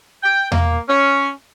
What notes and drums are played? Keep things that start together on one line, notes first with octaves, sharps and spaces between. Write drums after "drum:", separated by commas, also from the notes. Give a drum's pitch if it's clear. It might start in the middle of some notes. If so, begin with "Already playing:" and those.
G5
A#3, drum: tom E2
C#4